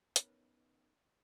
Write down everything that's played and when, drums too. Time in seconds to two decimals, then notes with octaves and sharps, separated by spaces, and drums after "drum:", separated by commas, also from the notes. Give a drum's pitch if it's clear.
0.16 B3 C#4 D#4 A#4 B4, drum: hi-hat